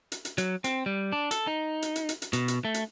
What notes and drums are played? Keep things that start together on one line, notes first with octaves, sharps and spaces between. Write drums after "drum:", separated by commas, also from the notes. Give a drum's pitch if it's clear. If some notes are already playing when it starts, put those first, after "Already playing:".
drum: hi-hat
drum: hi-hat
F#3, drum: hi-hat
C4, drum: hi-hat
G3
D4
A4, drum: hi-hat
D#4
drum: hi-hat
drum: hi-hat
drum: hi-hat
drum: hi-hat
B2, drum: hi-hat
drum: hi-hat
A3
drum: hi-hat